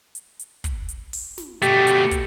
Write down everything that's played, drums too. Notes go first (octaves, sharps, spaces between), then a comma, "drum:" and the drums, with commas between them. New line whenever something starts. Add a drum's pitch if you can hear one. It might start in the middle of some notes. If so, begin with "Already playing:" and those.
drum: hi-hat
drum: hi-hat
drum: kick, hi-hat
drum: hi-hat
drum: open hi-hat
drum: snare
B2 A3 G4, drum: hi-hat
drum: hi-hat
drum: kick, hi-hat